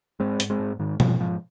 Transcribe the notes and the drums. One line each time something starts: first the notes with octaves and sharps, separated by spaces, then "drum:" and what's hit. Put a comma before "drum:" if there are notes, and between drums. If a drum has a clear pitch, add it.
G#2 G#3 C4
G#2, drum: hi-hat
G#3 C4
G#2
G#2 D#3
G#2 F3, drum: tom B2
G#2 F3